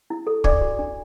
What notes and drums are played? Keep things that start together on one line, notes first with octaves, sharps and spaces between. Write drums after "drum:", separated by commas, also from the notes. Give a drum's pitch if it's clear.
E4
A4
D4 D5 D6, drum: kick
F#4
D4